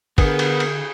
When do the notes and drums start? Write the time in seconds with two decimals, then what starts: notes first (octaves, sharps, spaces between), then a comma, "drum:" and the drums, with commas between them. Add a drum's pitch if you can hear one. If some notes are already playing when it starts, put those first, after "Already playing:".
0.18 D3 B3 G#4 A#4, drum: kick, cymbal
0.39 drum: cymbal
0.60 drum: cymbal